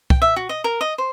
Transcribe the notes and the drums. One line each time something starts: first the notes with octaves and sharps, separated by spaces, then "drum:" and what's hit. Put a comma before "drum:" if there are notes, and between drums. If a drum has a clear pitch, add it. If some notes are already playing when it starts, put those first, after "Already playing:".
G5, drum: kick
E5
F#4
D#5
A#4
D#5
C5